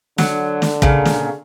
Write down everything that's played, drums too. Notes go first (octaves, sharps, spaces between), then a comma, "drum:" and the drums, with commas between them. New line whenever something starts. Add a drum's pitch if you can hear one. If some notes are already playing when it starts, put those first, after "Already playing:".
D3 F#3, drum: snare
drum: snare
A#2 C#3, drum: kick
drum: snare